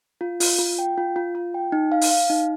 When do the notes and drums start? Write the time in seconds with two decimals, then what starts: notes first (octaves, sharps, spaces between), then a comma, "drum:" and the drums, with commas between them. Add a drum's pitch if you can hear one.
0.21 F4
0.40 F4, drum: open hi-hat
0.59 F4
0.79 G5
0.98 F4
1.16 F4
1.35 F4
1.54 G5
1.72 D#4
1.92 F5
2.01 drum: open hi-hat
2.11 F5
2.29 D#4